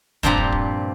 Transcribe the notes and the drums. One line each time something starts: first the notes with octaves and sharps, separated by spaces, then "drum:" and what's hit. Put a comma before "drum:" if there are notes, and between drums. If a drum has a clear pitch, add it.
G2 A#2 F3 C4 G4 A#5, drum: kick
drum: kick
drum: kick